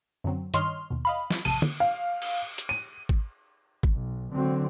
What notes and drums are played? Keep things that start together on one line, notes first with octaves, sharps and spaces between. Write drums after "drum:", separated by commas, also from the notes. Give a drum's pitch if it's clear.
F#2 D3 F#3 C4
G2 D#3 C#5 D#5 C6 F6, drum: hi-hat
D#2 B2
D#5 F5 B5
drum: snare
A1 F2 C3 A5 D#7, drum: cymbal
drum: tom
F5
drum: cymbal
drum: hi-hat
D#7
drum: kick G#1
drum: kick G#1
B1
D3 F#3 C4